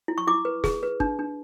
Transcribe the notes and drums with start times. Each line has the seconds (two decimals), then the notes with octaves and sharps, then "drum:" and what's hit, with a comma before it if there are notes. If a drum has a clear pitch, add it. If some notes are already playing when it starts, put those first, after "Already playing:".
0.08 E4
0.18 C#6
0.27 E4 D6
0.45 B4
0.64 G#4, drum: snare
0.83 B4
1.00 D4, drum: kick
1.19 D4